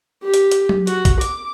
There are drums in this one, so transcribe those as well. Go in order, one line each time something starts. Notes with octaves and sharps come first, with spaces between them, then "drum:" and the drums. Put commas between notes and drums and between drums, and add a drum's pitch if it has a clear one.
G4
drum: hi-hat
drum: hi-hat
drum: tom F#3
F#4, drum: hi-hat
drum: kick A#1, hi-hat
D6, drum: hi-hat